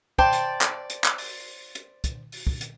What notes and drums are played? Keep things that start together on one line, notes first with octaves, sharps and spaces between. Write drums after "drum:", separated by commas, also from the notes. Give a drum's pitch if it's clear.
C5 D5 G5 A5, drum: kick
drum: hi-hat
drum: clap
drum: hi-hat
drum: clap
drum: open hi-hat
drum: hi-hat
drum: kick, hi-hat
drum: open hi-hat
drum: kick
drum: hi-hat